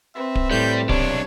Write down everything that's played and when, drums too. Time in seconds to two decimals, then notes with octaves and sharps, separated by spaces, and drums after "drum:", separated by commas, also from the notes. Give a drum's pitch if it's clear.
0.15 C4 B4 E5
0.35 drum: kick D1
0.51 A2 G3 A3 G6
0.89 B1 C3 D4 C#5, drum: kick D1